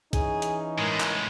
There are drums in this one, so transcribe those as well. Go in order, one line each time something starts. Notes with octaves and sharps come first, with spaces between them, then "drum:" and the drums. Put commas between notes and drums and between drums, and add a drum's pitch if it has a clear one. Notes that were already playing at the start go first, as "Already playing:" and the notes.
E3 C#4 D#4 G#4, drum: kick, hi-hat
drum: hi-hat
A2 G#3 A#4
drum: clap